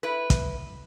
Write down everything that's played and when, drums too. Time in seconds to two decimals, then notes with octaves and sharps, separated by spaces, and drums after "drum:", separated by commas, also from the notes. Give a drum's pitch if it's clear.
0.03 E4 B4
0.30 drum: kick, hi-hat